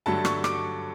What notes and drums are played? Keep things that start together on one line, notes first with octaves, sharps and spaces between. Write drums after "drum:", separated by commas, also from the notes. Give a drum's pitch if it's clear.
G2 D3 F#3 A3 A5
C#6, drum: rim click
D6, drum: rim click